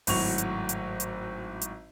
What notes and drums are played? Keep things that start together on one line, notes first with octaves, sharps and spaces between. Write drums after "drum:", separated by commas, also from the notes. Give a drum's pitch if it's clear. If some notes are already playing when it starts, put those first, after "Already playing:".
G#1 A2 F#3 C#6 F7, drum: open hi-hat
drum: hi-hat
drum: hi-hat
drum: hi-hat
drum: hi-hat